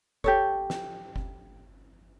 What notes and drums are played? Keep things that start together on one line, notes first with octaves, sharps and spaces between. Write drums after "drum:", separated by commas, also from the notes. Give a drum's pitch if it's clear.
G4 A4 C#5, drum: kick F#1
drum: snare
drum: kick F#1